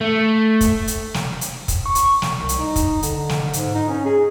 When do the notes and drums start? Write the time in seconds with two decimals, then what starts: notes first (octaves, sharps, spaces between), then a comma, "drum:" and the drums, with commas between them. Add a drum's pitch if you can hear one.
0.01 A3
0.61 drum: kick, hi-hat
0.87 drum: hi-hat
1.14 drum: snare
1.41 drum: hi-hat
1.68 drum: kick, hi-hat
1.86 C#6
1.95 drum: hi-hat
2.22 drum: snare
2.38 C2
2.49 drum: hi-hat
2.59 D#4
2.76 drum: kick, hi-hat
3.03 D3, drum: hi-hat
3.29 drum: snare
3.53 G#2, drum: hi-hat
3.75 D#4
3.89 C#4
4.05 G#4